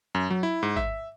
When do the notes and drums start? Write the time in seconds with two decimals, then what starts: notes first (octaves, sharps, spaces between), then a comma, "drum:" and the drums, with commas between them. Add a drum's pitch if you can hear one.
0.15 F#2
0.30 F#3
0.43 E4
0.63 G#2
0.77 E5, drum: kick